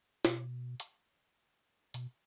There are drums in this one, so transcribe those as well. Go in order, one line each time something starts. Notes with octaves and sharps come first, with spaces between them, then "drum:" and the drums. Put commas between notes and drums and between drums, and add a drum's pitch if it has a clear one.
B2, drum: snare
drum: hi-hat
B2, drum: hi-hat